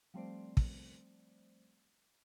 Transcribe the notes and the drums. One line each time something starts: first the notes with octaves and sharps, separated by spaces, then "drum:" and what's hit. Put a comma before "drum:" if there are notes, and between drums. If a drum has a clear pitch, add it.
F3 G3 A3 C4 C5 D5
drum: kick